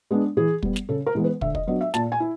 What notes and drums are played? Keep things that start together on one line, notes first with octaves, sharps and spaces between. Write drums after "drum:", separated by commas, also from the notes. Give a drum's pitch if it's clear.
G#3 B3 D4
E3 G#4
G3 B3, drum: kick
drum: snare
C#3 A4
A#4
E3 G#3 B3
B4
D3 E5, drum: kick
D#5, drum: kick
F#3 B3 D4 D#5
E5
A#2 A5, drum: snare
G#5
E4